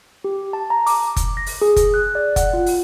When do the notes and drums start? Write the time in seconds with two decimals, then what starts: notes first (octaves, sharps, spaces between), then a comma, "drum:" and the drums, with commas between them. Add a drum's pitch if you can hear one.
0.24 G4
0.53 A5
0.70 A#5
0.86 D6, drum: open hi-hat
1.16 drum: kick F#1, hi-hat
1.37 A#6
1.46 drum: open hi-hat
1.62 G#4
1.76 drum: kick F#1, hi-hat
1.94 F#6
2.15 D5
2.36 F#5, drum: kick F#1, hi-hat
2.54 F4
2.66 drum: open hi-hat